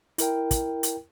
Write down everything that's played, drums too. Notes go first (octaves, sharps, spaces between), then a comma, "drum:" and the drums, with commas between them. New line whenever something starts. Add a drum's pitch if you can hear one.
E4 A#4 G5, drum: hi-hat
drum: kick, hi-hat
drum: hi-hat